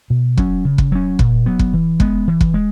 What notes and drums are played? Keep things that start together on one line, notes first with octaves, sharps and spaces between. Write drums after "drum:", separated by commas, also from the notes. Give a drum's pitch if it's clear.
B2
F#3 C#4, drum: kick
C#3
drum: kick
F#3 C#4
A#2, drum: kick
F#3 B3
drum: kick
E3
G#3 B3, drum: kick
E3
drum: kick
G#3